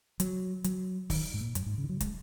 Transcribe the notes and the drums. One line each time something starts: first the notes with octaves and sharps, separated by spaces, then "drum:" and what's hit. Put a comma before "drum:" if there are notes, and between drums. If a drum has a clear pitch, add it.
F#3, drum: hi-hat
F#3, drum: hi-hat
D#3, drum: kick, open hi-hat
G#2
A#2
F#2, drum: hi-hat
G#2
C#3
D#3
F#3
G#3, drum: kick, hi-hat